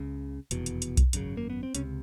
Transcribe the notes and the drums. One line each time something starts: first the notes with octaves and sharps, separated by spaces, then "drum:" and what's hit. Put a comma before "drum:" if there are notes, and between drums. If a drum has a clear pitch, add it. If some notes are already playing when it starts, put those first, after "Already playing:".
Already playing: C#2 C#3
F1 E2 B2, drum: hi-hat
drum: hi-hat
drum: hi-hat
drum: kick B1, hi-hat
G#1 F#2 C#3, drum: hi-hat
A#3
B3
C4
C#2 C3 C#4, drum: hi-hat